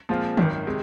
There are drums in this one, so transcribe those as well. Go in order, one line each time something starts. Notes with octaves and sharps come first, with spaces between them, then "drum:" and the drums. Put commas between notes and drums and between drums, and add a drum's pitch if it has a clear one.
A#2 F3 G#3 C4 F4
G#1 F#2 D#3, drum: tom D#3
C3 D#3 G#3